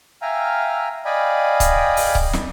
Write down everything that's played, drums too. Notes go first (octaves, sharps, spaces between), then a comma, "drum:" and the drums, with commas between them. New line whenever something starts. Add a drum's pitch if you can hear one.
E5 F5 G5 G#5 A#5 F6
D5 D#5 F5 G5 G#5 B5
drum: kick C#1, hi-hat
drum: open hi-hat
drum: kick C#1
drum: snare